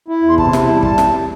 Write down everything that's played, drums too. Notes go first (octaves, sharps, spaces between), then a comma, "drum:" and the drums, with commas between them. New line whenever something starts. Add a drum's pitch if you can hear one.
E4
E2
C6
C3 A5, drum: kick
E4, drum: snare
G3
E2 A5, drum: kick
E2, drum: snare